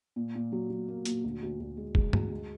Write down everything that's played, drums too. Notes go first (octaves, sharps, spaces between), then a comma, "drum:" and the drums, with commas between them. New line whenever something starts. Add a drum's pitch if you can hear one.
A#2
A#2
F#3
F#3
A#3
A#2, drum: hi-hat
D2
D2
D2
G#3
G#3, drum: kick
D2, drum: tom
G#3